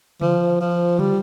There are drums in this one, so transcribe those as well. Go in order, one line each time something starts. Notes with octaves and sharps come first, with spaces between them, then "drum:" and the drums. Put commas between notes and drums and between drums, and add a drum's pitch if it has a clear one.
F3, drum: tom C#3
F3
G3, drum: tom C#3